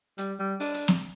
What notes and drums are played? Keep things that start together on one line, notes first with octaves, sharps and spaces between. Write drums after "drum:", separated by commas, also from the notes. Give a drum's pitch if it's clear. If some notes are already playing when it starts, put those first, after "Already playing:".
G3, drum: hi-hat
G3
D4, drum: open hi-hat
drum: hi-hat
drum: snare